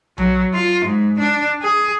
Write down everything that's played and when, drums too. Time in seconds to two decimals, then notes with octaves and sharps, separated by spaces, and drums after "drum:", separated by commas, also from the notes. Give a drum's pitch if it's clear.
0.18 F#3, drum: tom B1
0.54 F4
0.85 G#2
1.19 D4
1.62 G#4